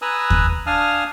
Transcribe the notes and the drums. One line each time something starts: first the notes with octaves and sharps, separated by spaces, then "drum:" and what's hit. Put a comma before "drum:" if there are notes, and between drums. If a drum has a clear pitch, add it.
B4 G#5 A#5 D#6 E6 F#6
drum: kick
D4 F5 G#5 A5 D#6 F6